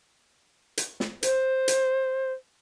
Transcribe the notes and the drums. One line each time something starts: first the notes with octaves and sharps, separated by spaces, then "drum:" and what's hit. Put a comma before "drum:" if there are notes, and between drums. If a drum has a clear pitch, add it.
drum: hi-hat
drum: snare
C5, drum: hi-hat
drum: hi-hat